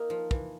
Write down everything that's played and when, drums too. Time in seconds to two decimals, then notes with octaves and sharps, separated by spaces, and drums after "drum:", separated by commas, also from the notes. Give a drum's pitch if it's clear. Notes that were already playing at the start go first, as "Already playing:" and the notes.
Already playing: A#3 D#4
0.10 F3
0.31 E3, drum: kick